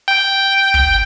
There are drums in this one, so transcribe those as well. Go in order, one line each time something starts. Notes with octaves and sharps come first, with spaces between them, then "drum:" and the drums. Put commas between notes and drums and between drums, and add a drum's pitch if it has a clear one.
G5
drum: kick